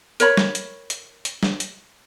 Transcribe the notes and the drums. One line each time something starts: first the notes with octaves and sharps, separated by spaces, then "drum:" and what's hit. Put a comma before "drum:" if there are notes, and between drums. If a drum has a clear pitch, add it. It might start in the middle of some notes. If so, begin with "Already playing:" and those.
A#4 C#5 B5, drum: hi-hat
drum: snare
drum: hi-hat
drum: hi-hat
drum: hi-hat
drum: snare
drum: hi-hat